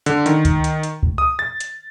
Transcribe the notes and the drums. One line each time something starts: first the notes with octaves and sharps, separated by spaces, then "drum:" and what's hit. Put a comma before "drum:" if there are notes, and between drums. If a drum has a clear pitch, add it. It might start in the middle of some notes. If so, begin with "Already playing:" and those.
D3, drum: hi-hat
D#3, drum: hi-hat
drum: kick C#2, hi-hat
drum: hi-hat
drum: hi-hat
drum: kick C#2
D#6
A6
drum: hi-hat